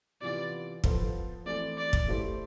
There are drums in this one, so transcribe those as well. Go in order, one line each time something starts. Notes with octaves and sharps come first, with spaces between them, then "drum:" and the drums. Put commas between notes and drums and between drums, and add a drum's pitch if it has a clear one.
C3 E3 B3 F4 D5
F3 B3 F4 A4 C5, drum: kick
E3 A3 C4 D5
D5
drum: kick
A3 E4 G4 C5